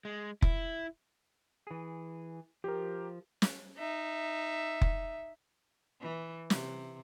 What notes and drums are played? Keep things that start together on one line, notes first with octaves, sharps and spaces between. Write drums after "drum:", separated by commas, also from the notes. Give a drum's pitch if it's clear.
G#3
E4, drum: kick F1
E3 G#4
F3 G4 A#4
drum: snare
D#4 E5
drum: kick F1
E3
C3, drum: snare